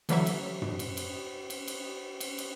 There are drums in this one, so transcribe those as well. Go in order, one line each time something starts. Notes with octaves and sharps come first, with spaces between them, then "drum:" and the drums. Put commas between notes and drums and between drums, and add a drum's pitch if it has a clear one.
D3 E3 F#3 E5, drum: cymbal
drum: cymbal
drum: tom
drum: cymbal
drum: cymbal
drum: cymbal
drum: cymbal
drum: cymbal
drum: cymbal